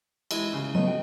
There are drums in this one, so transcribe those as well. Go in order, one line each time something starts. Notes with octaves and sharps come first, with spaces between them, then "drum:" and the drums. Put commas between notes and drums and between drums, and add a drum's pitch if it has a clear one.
E3 G#3 E4, drum: cymbal
C#3 E3
F#3 A3 B3 D#5
F#4 G5